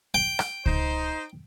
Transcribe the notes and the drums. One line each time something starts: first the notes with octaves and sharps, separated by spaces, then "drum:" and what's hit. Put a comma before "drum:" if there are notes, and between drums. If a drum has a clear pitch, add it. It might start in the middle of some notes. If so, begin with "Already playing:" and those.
G5
drum: rim click
D#4 C5, drum: kick C#2